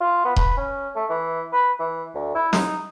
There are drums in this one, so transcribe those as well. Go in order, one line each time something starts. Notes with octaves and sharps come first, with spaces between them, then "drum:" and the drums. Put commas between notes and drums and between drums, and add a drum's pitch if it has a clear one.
F4
B3
B4, drum: kick D#1
C#4
A3
E3
B4
E3
D2
E4
D#4, drum: snare